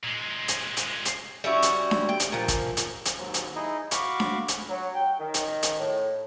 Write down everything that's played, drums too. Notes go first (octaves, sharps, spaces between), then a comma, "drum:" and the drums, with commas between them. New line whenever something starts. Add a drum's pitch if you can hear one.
A#2 G#3
drum: hi-hat
drum: hi-hat
drum: hi-hat
G3 C#4 E4 F#4
drum: hi-hat
drum: snare D4
G5
drum: hi-hat
A#2 F3
drum: kick, hi-hat
drum: hi-hat
drum: hi-hat
D#2 G#2 F#3
drum: hi-hat
D#4 E4 G#4 D#5
F#4 F5 B5 C#6 D6, drum: hi-hat
drum: snare D4
drum: hi-hat
F#3
G5
D#3
drum: hi-hat
drum: hi-hat
A2